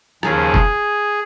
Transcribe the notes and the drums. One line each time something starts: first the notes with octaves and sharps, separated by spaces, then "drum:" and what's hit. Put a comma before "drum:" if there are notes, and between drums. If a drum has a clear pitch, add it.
D#2 C#3 F3 G#4, drum: rim click
drum: kick F1